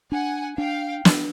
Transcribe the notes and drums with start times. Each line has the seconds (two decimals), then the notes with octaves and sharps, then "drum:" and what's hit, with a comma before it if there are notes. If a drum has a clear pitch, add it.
0.11 D4 F#5 G#5
0.58 D4 F5 G5
1.05 D4, drum: snare